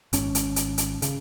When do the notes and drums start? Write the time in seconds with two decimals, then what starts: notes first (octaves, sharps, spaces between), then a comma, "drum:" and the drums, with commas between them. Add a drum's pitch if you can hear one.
0.13 G#1 G#2 C#4, drum: hi-hat
0.35 drum: hi-hat
0.56 drum: hi-hat
0.78 drum: hi-hat
1.02 C#3, drum: hi-hat